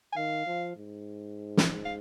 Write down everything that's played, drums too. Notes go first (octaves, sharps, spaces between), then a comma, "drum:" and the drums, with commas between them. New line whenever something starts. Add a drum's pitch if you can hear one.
G#5
D#3 F5
F3
G#2
drum: snare
F5